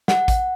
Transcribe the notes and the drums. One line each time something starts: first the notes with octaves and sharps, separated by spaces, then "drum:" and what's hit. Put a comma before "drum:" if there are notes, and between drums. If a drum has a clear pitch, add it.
F#5, drum: snare
drum: kick A1, hi-hat